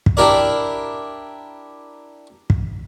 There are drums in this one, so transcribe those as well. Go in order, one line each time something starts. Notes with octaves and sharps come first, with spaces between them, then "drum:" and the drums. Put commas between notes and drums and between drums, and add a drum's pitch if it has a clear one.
drum: kick
D4 E4 G4 A#4 D5
drum: kick